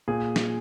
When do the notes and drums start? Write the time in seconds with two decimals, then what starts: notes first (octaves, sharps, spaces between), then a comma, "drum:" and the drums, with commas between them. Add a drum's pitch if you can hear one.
0.08 A#2 G#4
0.36 drum: snare